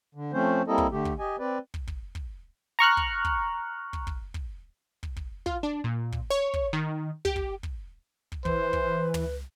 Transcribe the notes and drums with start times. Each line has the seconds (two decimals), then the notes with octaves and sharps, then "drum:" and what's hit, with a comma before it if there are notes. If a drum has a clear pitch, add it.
0.15 D3
0.33 F3 A3 C4 C#4 C5
0.67 G3 A#3 C4 E4 A4 D#5
0.78 drum: kick
0.92 D3 A3 G4
1.05 drum: kick
1.19 G4 D#5 G#5
1.39 C4 B4 D5
1.74 drum: kick
1.87 drum: kick
2.15 drum: kick
2.79 A#5 C#6 F6 F#6
2.97 drum: kick
3.25 drum: kick
3.93 drum: kick
4.07 drum: kick
4.34 drum: kick
5.03 drum: kick
5.16 drum: kick
5.46 F4, drum: kick
5.63 D4
5.84 A#2
6.12 drum: kick
6.30 C#5
6.54 drum: kick
6.73 D#3
7.25 G4, drum: kick
7.36 drum: kick
7.63 drum: kick
8.32 drum: kick
8.45 E3 B4 C5, drum: kick
8.73 drum: kick
9.14 drum: tom